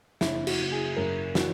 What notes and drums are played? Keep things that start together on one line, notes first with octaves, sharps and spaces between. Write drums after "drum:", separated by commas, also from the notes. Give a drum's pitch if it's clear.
F#1 E4, drum: snare
F#4, drum: cymbal
F#1
G#4
F#2 A#4
E3 F#4, drum: snare